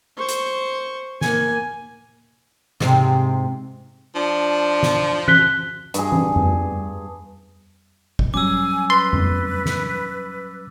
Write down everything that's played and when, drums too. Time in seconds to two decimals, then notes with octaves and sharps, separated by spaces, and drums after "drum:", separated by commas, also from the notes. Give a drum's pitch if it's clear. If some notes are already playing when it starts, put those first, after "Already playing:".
0.18 C5 C#6
0.29 drum: hi-hat
1.21 A#3 G#5, drum: snare
2.80 G#2 C3, drum: snare
4.15 F3 D4
4.83 drum: snare
5.28 F#6 B6 G7, drum: tom E3
5.94 G2 G#4, drum: hi-hat
6.12 drum: tom E3
6.36 drum: tom F2
8.19 drum: kick
8.34 F#3 G3 C#4 G#5 D6 E6
8.90 B4 C6 A6
9.13 drum: tom F2
9.66 drum: snare